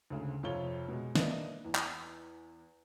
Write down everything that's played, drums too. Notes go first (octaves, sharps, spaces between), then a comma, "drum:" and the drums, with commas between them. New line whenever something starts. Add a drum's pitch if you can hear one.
D2 G#2 C#3
F2 C3 F4 C#5 G7
B2 G#3
A#3 D4 B4 D#5 E5, drum: snare
E2
drum: clap